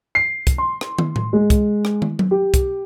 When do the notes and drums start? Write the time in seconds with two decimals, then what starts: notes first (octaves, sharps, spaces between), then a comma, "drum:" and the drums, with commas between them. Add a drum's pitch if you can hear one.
0.15 C7
0.47 drum: kick, hi-hat
0.58 C6
0.81 drum: rim click
0.98 drum: tom
1.16 drum: tom A2
1.33 G#3
1.50 drum: kick, hi-hat
1.85 drum: rim click
2.02 drum: tom
2.19 drum: tom F#3
2.31 G4
2.54 drum: kick, hi-hat